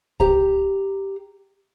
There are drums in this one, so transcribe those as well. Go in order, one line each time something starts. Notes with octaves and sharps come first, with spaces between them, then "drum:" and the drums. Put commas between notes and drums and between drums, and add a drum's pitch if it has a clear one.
G4 A#5, drum: kick C2